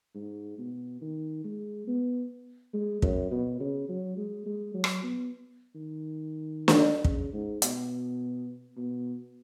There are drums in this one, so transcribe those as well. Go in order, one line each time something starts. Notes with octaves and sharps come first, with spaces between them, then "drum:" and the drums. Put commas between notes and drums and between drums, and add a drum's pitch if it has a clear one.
G#2
B2
D#3
G#3
B3
G#3
F#2, drum: kick
B2
C#3
F#3
G#3
G#3
F#3
drum: rim click
B3
D#3
drum: snare
C#3, drum: kick
G#2
B2, drum: hi-hat
B2